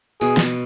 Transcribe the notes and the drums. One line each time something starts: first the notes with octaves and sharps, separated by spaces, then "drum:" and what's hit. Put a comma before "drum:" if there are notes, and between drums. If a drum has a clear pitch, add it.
B2 G#4, drum: tambourine
drum: snare